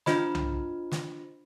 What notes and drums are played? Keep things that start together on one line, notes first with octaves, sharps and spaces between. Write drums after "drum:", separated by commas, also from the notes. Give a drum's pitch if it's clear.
D4 F4 C5 D#5 B5, drum: snare
drum: tom C2
drum: snare